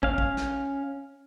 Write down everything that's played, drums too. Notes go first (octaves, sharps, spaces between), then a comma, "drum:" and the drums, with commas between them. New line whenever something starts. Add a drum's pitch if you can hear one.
C#4 F5, drum: kick
drum: kick
drum: snare